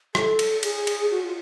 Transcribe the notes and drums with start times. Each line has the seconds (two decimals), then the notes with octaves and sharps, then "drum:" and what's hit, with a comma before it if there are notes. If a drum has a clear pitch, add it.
0.15 A4, drum: rim click
0.39 drum: cymbal
0.63 G#4, drum: cymbal
0.87 drum: cymbal
1.11 F#4
1.23 F4